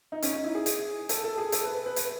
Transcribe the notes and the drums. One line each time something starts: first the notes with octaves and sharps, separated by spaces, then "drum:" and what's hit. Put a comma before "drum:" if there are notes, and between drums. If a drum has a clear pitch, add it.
D#4
C#4, drum: hi-hat
D#4
E4
G#4
drum: hi-hat
A4, drum: hi-hat
A4
G#4
A4, drum: hi-hat
B4
B4
B4
B4, drum: hi-hat